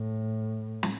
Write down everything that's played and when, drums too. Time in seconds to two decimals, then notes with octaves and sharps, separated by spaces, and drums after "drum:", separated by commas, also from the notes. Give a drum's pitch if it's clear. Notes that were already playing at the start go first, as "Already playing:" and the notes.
Already playing: A2
0.83 drum: snare